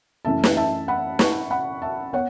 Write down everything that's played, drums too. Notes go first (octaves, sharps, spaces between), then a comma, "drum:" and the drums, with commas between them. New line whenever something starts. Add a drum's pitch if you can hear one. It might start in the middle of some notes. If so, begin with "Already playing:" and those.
F#2 E3 A3 C#4 E5 A5
drum: snare
E5 A5
F#5 B5
A5 C#6, drum: snare
F#5 B5
E5 A5
B3 C#5 F#5